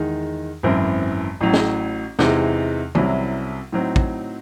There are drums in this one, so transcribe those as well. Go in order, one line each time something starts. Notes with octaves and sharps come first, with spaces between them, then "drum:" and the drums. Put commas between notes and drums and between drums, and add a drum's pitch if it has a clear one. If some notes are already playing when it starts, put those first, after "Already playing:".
Already playing: E2 D#3 G#3 D#4
G#1 F#2 E3 C4 E4
A1 A2 F#3
drum: snare
E2 C3 E3 G#3 D#4, drum: snare
C2 C3 F#3 C#4 E4, drum: tom
A2 F#3 C4 D#4
drum: kick